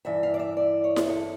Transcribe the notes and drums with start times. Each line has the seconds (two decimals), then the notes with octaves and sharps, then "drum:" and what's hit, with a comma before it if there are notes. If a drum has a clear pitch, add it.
0.05 G2 E3 E5
0.23 F5
0.34 D5
0.39 E5
0.57 D5
0.84 C#5
0.96 drum: snare E4
1.10 A4